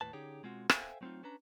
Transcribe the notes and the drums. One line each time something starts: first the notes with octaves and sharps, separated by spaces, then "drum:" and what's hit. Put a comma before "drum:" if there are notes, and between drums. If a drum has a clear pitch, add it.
D#2 A2 B4 A5
D3 C#4 D#4 G4 G#4 C#5
B2 G#3 C4 F4 F#4
A4 C5 E5 F5 G5 G#5, drum: rim click
F#3 A3 C4 C#4 D#4 F4
C#4 D4 B4 A#5